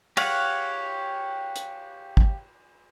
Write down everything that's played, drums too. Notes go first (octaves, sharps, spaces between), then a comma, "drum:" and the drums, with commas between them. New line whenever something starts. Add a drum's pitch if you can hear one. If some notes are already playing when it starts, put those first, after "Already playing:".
G4 C#5 F5 F#5, drum: cymbal
drum: hi-hat
drum: kick